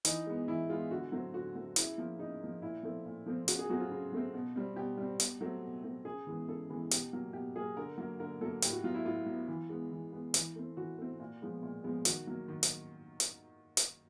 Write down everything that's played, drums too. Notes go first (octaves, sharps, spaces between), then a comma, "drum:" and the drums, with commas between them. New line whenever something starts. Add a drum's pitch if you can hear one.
E3 D#4, drum: hi-hat
G#3 B3
E3 E4
G#3 B3 F4
D3 F#4
F#3 A3 C4
D3 F#4
F#3 A3 C4
C#3 E4, drum: hi-hat
F3 A#3
C#3 D#4
F3 A#3
A#2 E4
F3 A3 C4
A#2
F3 A3 C4
C#3 F#4, drum: hi-hat
G#4
F#3 A3 C4 F#4
F4
C#3
F#3 A3 C4
B2
G3 C4
B2 G4
G3 C4
B2, drum: hi-hat
F#3 A3 C4
B2
F#3 A3 C4
C#3 G#4
E3 G#3 B3
C#3 A4
E3 G#3 B3
B2 G4, drum: hi-hat
F#3 A#3
B2 G4
F#3 A#3 G#4
D3 A#4
F#3 A#3
D3 A#4
F#3 A#3 A4
A2 G4, drum: hi-hat
F#4
F#3 B3 F4
E4
A2 F4
F#3 B3
E3
G#3 B3
E3
G#3 B3
E3, drum: hi-hat
A3 C4
E3 F#4
A3 C4
A#2
F3 G#3 B3
A#2
F3 G#3 B3
D#3 F#4, drum: hi-hat
F#3 A#3
D#3
drum: hi-hat
drum: hi-hat
drum: hi-hat